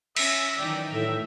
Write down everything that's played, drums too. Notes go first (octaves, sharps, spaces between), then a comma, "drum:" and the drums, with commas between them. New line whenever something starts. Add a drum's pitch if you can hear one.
C#4 E5 A#6, drum: cymbal
D#3 E3 F#3 D#4 D5 G5
A2 E5